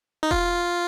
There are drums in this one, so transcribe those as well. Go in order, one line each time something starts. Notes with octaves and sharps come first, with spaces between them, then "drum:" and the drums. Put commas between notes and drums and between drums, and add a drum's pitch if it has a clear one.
D#4
F4, drum: kick E1